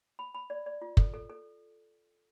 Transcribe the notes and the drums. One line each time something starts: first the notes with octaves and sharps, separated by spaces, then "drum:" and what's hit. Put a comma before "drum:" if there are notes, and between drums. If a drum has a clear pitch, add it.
B5
B5
D5
D5
F4
A4, drum: kick
A4
A4